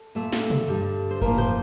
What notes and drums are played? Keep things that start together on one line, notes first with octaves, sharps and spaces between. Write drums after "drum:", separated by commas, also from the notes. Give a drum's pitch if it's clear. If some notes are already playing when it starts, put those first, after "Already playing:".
Already playing: A4
A#2 A3
drum: snare
drum: tom
G2 D3 G3
C5
A2 F3 A#3 A#4, drum: kick F#1
C5, drum: tom